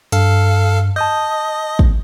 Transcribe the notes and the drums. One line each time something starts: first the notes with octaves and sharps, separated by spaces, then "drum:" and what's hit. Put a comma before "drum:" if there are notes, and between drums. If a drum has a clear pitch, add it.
G2 A4 F5, drum: hi-hat
D#5 A5 D#6 G6
drum: kick